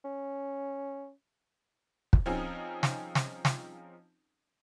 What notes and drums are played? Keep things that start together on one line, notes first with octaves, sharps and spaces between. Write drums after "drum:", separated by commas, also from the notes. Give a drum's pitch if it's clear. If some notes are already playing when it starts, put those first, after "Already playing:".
C#4
drum: kick
F3 C4 C#4 D#4 G#4
drum: snare
drum: snare
drum: snare